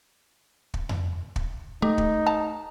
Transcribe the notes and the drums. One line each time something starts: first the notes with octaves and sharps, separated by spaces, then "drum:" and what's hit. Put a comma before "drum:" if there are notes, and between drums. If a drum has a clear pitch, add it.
drum: kick
drum: tom F2
drum: kick
A3 D#4 G4
drum: kick
A5 A#5